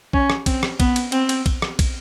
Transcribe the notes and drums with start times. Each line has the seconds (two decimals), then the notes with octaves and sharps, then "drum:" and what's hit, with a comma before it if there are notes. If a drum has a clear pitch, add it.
0.13 C#4, drum: kick
0.30 drum: rim click
0.46 C4, drum: kick, cymbal
0.63 drum: rim click
0.80 B3, drum: kick, cymbal
0.96 drum: cymbal
1.12 C4, drum: cymbal
1.29 drum: cymbal
1.46 drum: kick, cymbal
1.62 drum: rim click
1.79 drum: kick, cymbal